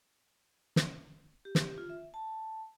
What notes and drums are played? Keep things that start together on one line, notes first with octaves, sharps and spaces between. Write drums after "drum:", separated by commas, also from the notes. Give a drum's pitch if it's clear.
drum: snare
G4
drum: snare
F4
E5
A5